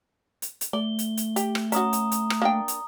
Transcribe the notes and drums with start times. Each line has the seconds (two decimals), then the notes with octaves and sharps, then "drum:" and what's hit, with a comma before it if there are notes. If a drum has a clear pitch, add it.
0.42 drum: hi-hat
0.61 drum: hi-hat
0.73 A3 D5 G7
0.99 drum: hi-hat
1.17 drum: hi-hat
1.36 G4, drum: hi-hat
1.55 drum: rim click
1.72 C#4 F#4 A#5 D#6, drum: hi-hat
1.93 drum: hi-hat
2.12 drum: hi-hat
2.30 drum: rim click
2.42 A#3 D4 G5
2.68 drum: hi-hat